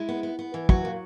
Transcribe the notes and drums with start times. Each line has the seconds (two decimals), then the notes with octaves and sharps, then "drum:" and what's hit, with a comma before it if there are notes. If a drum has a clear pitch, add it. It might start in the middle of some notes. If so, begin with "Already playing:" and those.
Already playing: G#3 E4
0.09 B3
0.23 B3
0.39 B3
0.54 E3
0.69 F#3 F#4, drum: kick
0.85 A#2